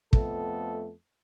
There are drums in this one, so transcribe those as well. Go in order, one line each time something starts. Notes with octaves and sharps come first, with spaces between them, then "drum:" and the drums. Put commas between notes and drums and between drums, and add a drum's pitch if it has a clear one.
F2 A3 B3 A4, drum: kick